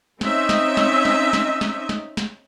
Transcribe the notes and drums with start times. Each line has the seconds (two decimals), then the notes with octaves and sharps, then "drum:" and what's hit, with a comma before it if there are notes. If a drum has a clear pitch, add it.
0.21 C4 C#4 D#4 D#5 E5, drum: snare
0.49 drum: snare
0.77 drum: snare
1.05 drum: snare
1.33 drum: snare
1.61 drum: snare
1.89 drum: snare
2.17 drum: snare